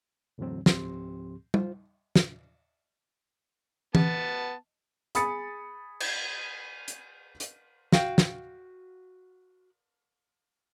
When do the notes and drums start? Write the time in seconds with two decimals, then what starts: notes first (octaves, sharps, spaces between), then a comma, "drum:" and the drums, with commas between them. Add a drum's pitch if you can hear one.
0.38 E2 A2 D3 E3 F#3 C4
0.66 C#2 G#2 F3 C4 G4 C6, drum: snare
1.54 F4 C5, drum: tom G3
2.15 drum: snare
3.95 B3 A5, drum: tom E3
5.15 G#4 B5 D#6 A6 C#7, drum: hi-hat
6.00 drum: cymbal
6.88 drum: hi-hat
7.40 drum: hi-hat
7.92 F#4 F5 G5, drum: snare
8.18 drum: snare